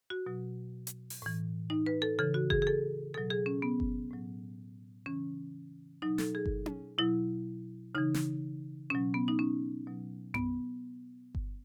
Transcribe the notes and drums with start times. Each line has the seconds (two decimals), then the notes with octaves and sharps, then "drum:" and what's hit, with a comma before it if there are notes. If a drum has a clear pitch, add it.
0.10 F#4
0.26 B2 F#3
0.87 drum: hi-hat
1.10 drum: open hi-hat
1.22 A2 E3
1.70 D#4
1.86 B4
2.02 A4
2.19 C#3 E3 A4
2.34 F#4
2.50 G#4, drum: kick G1
2.62 G#4
2.67 A4
3.14 B2 F#3 A4
3.30 G#4
3.46 C#4
3.62 B3
3.80 drum: kick G1
4.11 A2 F#3
5.06 C#3 E3 C#4
6.02 B2 F#3 D#4
6.18 A4, drum: snare
6.35 G#4
6.46 drum: kick G1
6.66 drum: tom C#4
6.98 B2 F#3 E4
7.95 C#3 E3 D#4
8.14 drum: snare
8.90 B2 F#3 C#4
9.14 B3
9.28 D#4
9.39 C#4
9.87 B2 F#3
10.34 B3, drum: tom F#2
11.35 drum: kick G1